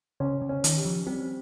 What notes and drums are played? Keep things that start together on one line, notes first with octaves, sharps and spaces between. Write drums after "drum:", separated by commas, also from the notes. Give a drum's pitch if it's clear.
C#3 C#4
C#3
C#4
D#3, drum: hi-hat
G4
F3
G3 C4